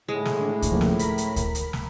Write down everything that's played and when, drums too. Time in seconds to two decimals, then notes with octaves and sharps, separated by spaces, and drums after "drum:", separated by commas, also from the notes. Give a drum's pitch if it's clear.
0.08 A2 G#3
0.25 drum: snare
0.41 D4
0.62 drum: kick D2, hi-hat
0.71 C#3 F3 A#3
0.81 drum: snare
0.99 A#4 B5, drum: hi-hat
1.18 drum: hi-hat
1.36 drum: kick D2, hi-hat
1.55 drum: hi-hat
1.73 drum: snare